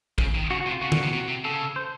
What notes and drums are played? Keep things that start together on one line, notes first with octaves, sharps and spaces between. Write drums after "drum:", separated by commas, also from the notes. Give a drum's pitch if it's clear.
C#3, drum: kick
D#3
C#3 F#4
F#4
C3
F4
C#3 F#4
C#3, drum: tom D3
C3
C3
C3
C#3 A4
C5